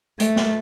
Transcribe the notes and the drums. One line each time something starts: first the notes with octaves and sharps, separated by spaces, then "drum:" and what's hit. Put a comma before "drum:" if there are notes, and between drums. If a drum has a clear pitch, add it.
A3, drum: hi-hat
drum: snare